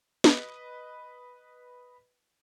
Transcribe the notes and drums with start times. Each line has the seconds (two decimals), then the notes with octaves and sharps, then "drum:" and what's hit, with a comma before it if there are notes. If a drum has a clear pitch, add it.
0.24 B4 D#5, drum: snare